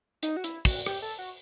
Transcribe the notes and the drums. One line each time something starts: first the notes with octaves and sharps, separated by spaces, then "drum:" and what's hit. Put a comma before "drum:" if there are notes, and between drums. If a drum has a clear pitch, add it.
D#4, drum: hi-hat
F#4
E4, drum: hi-hat
F#4, drum: kick, open hi-hat
G4, drum: rim click
A4
F#4